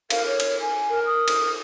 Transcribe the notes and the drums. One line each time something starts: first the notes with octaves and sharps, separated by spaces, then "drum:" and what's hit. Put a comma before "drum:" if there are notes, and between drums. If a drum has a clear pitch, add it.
A#4 F5, drum: cymbal
C#5
drum: cymbal
G#5
A#4
D#6
drum: cymbal